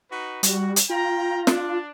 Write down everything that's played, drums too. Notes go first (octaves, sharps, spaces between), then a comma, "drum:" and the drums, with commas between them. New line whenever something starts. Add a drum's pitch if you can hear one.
D#4 F#4 B4
G3 F#4, drum: hi-hat
drum: hi-hat
F4 G5 A#5
D4, drum: snare